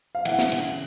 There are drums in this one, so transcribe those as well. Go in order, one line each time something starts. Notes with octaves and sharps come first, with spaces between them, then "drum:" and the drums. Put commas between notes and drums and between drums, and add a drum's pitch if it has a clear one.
F5
E3 E5 F#5, drum: cymbal
drum: snare
C#3, drum: cymbal